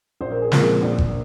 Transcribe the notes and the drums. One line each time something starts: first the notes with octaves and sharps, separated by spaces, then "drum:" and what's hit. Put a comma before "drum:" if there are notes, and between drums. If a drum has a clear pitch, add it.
A#1 C5
A#4
G#4
A#2 F3 G#3 A#3 C4 A#4, drum: snare
A#1
drum: kick G1